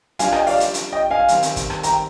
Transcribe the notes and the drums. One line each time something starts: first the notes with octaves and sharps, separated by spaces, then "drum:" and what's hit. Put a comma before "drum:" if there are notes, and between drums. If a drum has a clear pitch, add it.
G3 D4 F4 F5 G#5, drum: hi-hat
D#5 G5, drum: rim click
D5 F5, drum: open hi-hat
drum: hi-hat
drum: hi-hat
D#5 G5
F5 G#5
D#3 G3 C4, drum: hi-hat
drum: hi-hat
drum: kick, hi-hat
drum: rim click
G5 A#5, drum: hi-hat